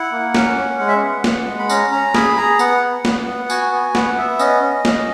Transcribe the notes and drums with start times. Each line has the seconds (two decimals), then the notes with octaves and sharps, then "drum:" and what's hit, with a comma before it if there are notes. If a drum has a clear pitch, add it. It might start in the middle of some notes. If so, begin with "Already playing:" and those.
Already playing: E4 F#5
0.12 A#3
0.35 C#4, drum: snare
0.57 C#4
0.79 G#3 F#5
0.88 E5
0.97 B3 F#5
1.24 B3, drum: snare
1.47 G#3
1.59 B5
1.69 C#4 A#5, drum: tambourine
1.92 C#4 A#5
2.15 G#4 B5, drum: snare
2.37 G#4 A#5
2.59 B3 F#5, drum: tambourine
2.82 B3
3.05 B3, drum: snare
3.27 B3
3.50 F#4 G#5, drum: tambourine
3.72 B3 G#5
3.95 B3 F#5, drum: snare
4.17 B3 E5
4.39 C#4 D#5, drum: tambourine
4.62 C#4
4.85 C#4, drum: snare